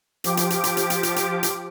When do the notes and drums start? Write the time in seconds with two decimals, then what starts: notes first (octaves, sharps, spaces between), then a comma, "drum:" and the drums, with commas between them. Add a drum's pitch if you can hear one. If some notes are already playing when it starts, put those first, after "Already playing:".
0.24 F3 G4 D6, drum: hi-hat
0.37 drum: hi-hat
0.50 drum: hi-hat
0.64 drum: hi-hat
0.77 drum: hi-hat
0.90 drum: hi-hat
1.03 drum: hi-hat
1.16 drum: hi-hat
1.43 drum: hi-hat